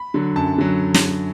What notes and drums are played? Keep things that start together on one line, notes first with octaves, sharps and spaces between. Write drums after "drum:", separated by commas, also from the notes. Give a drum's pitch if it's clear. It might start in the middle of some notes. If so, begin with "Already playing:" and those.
Already playing: B5
D3 F#3
F#2 A5
D3 F#3
drum: snare